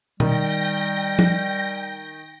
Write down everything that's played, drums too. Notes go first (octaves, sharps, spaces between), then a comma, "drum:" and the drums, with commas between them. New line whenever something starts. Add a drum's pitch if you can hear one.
D#3 G3 G5 A#6, drum: tom B2
drum: tom